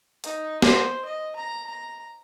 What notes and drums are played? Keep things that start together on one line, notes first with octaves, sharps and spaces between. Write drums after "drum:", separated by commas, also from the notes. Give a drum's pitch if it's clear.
D#4, drum: hi-hat
C5, drum: snare
D#5
A#5
A#5